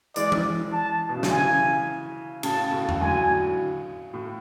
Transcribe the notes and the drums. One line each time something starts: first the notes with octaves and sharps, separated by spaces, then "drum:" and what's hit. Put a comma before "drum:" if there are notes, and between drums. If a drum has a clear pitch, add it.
E3 G#3 D5, drum: hi-hat
drum: tom E3
A5
B2
C#3
D3, drum: snare
C#3 E3 G#5
A2 C#3 A5, drum: cymbal
A2 C#3
drum: tom E2
D3 F#3 G#5
A2